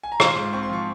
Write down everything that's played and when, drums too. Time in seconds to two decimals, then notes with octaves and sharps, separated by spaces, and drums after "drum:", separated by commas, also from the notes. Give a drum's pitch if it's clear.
0.03 G#5
0.12 A#5
0.20 F4 C6, drum: rim click
0.36 G#2
0.53 C4 C#6
0.63 C6
0.69 F3 C#6